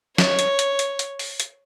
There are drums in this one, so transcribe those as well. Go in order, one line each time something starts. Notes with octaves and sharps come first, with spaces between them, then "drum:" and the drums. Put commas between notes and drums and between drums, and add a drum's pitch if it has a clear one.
C#5, drum: snare
drum: hi-hat
drum: hi-hat
drum: hi-hat
drum: hi-hat
drum: open hi-hat
drum: hi-hat